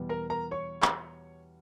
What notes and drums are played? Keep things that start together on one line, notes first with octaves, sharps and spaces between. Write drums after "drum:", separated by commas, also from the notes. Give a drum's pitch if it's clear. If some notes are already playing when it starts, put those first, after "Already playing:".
Already playing: E2 B2 G3 B3
A#4 A#5
A#4 A#5
C#5 C#6
drum: clap